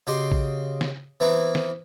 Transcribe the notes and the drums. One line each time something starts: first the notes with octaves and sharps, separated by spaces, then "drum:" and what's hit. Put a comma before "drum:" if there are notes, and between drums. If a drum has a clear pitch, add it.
C#3 F#4 G4 D#5 C6
drum: kick A#1
drum: snare
E3 B3 C4 E4 A#4
drum: snare